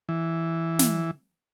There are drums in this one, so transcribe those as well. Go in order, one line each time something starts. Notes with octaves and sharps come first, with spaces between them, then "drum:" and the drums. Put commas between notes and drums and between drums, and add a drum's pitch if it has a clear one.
E3
drum: snare